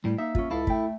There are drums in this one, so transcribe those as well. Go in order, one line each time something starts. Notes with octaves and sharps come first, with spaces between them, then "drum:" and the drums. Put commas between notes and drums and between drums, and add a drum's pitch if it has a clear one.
A2 G3
A#3 D#4 E5
C#4 F4, drum: kick
C#2 E4 A4 F5
A3 E5 G5, drum: kick